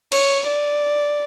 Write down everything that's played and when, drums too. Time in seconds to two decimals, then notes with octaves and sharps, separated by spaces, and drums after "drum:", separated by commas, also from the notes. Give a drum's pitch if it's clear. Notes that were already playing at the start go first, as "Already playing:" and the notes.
0.12 C#5, drum: cymbal
0.46 D5